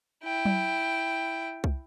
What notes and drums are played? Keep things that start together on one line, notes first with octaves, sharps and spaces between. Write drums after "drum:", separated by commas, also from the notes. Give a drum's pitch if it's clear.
E4 G5
drum: tom F#3
drum: kick C2